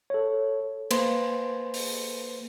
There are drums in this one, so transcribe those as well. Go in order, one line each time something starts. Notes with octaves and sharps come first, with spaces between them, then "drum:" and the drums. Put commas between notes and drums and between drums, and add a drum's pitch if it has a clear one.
A4 C#5
A#3 B4 C5 C6, drum: cymbal
drum: open hi-hat